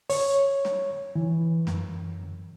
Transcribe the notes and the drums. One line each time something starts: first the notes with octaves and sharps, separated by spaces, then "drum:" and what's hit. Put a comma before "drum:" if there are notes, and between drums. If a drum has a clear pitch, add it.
C#5, drum: open hi-hat
drum: snare
E3
F#2, drum: snare